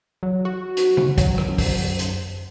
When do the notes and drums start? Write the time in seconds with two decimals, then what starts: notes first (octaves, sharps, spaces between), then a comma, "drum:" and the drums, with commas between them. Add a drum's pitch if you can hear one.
0.23 F#3
0.45 F#4
0.77 drum: hi-hat
0.97 drum: tom C#3
1.18 F#3, drum: kick, hi-hat
1.38 drum: rim click
1.49 F#2
1.58 drum: kick, open hi-hat
1.99 drum: hi-hat